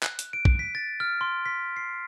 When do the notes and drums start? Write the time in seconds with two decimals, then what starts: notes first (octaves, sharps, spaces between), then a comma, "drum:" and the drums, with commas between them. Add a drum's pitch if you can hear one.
0.03 F#6, drum: clap
0.19 drum: hi-hat
0.33 D7
0.45 drum: kick
0.59 B6
0.75 A6
1.00 F6
1.21 C6
1.46 B6
1.76 C7